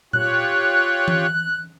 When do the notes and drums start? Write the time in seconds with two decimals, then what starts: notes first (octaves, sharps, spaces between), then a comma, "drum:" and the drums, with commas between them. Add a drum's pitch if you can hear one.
0.13 F4 G4 C#5 F#6, drum: tom A#2
1.08 drum: tom E3